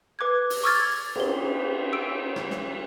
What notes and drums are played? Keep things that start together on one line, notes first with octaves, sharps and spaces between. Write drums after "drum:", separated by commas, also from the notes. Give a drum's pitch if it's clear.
B4 D6 F#6 G#6
drum: open hi-hat
C#6 D6 E6 F6 G#6 A6
G#4 G7, drum: cymbal
E6 D7
drum: rim click
drum: snare